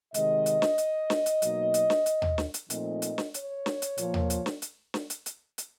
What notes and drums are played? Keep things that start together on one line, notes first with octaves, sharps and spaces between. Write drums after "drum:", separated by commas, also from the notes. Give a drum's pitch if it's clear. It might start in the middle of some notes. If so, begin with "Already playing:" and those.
C3 D#3 G#3 D#5, drum: hi-hat
drum: hi-hat
drum: snare
drum: hi-hat
drum: snare
drum: hi-hat
B2 F#3 A#3 D#4, drum: hi-hat
drum: hi-hat
drum: snare
drum: hi-hat
drum: tom D#2
drum: snare
drum: hi-hat
A#2 F3 A3 C4 D#4 D#5, drum: hi-hat
drum: hi-hat
drum: snare
C#5, drum: hi-hat
drum: snare
drum: hi-hat
A#2 F3 A#3, drum: hi-hat
drum: tom D#2
drum: hi-hat
drum: snare
drum: hi-hat
drum: snare
drum: hi-hat
drum: hi-hat
drum: hi-hat